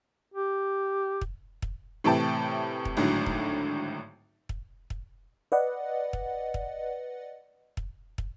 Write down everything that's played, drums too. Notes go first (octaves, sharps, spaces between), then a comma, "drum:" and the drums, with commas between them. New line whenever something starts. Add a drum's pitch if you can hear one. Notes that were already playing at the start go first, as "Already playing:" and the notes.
G4
drum: kick
drum: kick
A2 C3 E3 G5 A5
drum: kick
G#1 A2 D3 F#3
drum: kick
drum: kick
drum: kick
B4 D5 D#5 F#5
drum: kick
drum: kick
drum: kick
drum: kick